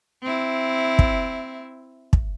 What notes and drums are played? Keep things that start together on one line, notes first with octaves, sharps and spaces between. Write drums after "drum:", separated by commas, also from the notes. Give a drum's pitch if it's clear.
C4 E4
drum: kick
drum: kick